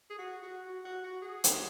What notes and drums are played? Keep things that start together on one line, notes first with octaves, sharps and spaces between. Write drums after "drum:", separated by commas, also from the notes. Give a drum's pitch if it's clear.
G#4
F#4
F#4
F#4
F#4
F#4
G#4
drum: hi-hat